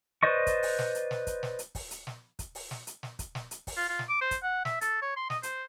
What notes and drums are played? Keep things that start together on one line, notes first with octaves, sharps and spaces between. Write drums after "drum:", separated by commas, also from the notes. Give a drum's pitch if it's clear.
B4 C5 D5 D#5 C#6
drum: kick, hi-hat
drum: open hi-hat
drum: snare
drum: hi-hat
drum: snare
drum: kick, hi-hat
drum: snare
drum: hi-hat
drum: kick, open hi-hat
drum: hi-hat
drum: snare
drum: kick, hi-hat
drum: open hi-hat
drum: snare
drum: hi-hat
drum: snare
drum: kick, hi-hat
drum: snare
drum: hi-hat
drum: kick, open hi-hat
F4
F4
drum: snare
D6
C5
drum: kick, hi-hat
F#5
E5, drum: snare
A4, drum: hi-hat
C#5
C6
D#5, drum: snare
C5, drum: hi-hat